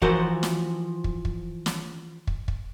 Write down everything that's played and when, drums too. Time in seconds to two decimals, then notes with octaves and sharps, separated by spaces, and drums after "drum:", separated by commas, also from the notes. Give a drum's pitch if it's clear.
0.02 E3 F3 F#4 A#4 C5, drum: kick
0.43 drum: snare
1.04 drum: kick
1.25 drum: kick
1.66 drum: snare
2.27 drum: kick
2.48 drum: kick